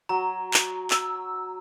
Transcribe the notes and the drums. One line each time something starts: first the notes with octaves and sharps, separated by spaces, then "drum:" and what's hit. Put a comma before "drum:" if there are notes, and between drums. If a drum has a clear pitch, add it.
F#3 A#5
drum: clap
E6, drum: clap